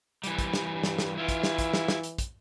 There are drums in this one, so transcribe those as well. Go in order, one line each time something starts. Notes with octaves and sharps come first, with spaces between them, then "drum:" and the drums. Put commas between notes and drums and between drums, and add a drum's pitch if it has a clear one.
E3 G3, drum: hi-hat
drum: kick, hi-hat
drum: snare
G2
drum: snare
drum: snare
E3 E4 F4
drum: kick, hi-hat
drum: snare
drum: kick, hi-hat
drum: snare
drum: snare
drum: hi-hat
drum: kick, hi-hat